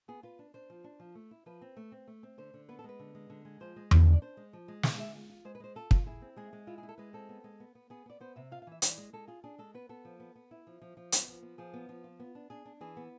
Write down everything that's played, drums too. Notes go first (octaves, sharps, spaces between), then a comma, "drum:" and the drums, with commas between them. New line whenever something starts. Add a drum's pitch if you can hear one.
B3 G#4
F4 B4
D4
D4 C5
F3
D4
F3
A3
E4
F3 B4
C4
A3
C4
A3
C4
D3 C5
D3
B3 B4
A4
G#3 B4
D3
G#3
D3
G#3
F3 C5
G#3
D4 B4, drum: tom E2
D4
D5
D4 C5
G#3
F3
G#3
B2 F5, drum: snare
G#3 E5
F4
F4
G#3 C5
B4
G#3 C5
F4 A4
F4, drum: kick
E4 G#4
C4
G#3 G#4
G#3
E4 F4
G#4
E4
A4
G#3 B4
C4 A4
B3
G#3
B3
B3
B3 G#4
B3 D5
B3 C5
C3 E5
F4 F5
F5
E3 E5
E3 D5, drum: hi-hat
G#3
G#3 A4
F4 G#4
D4 G#4
G#3 A4
B3 B4
B3 A4
F3
B3
B3
E4
F3
F3
F3
B3, drum: hi-hat
F3
B3
F3 G#4
B3
F3 F4
F4
B3
D4
D4 G#4
D4
E3 G#4
B3